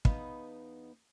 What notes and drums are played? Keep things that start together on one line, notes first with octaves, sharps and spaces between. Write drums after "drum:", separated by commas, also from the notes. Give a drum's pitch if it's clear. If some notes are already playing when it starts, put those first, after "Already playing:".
E2 B3 D#4 D#5 F5, drum: kick